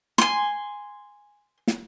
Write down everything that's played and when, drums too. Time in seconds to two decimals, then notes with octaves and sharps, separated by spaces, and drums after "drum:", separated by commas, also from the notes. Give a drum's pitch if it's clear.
0.18 G#5 C6, drum: snare
1.67 drum: snare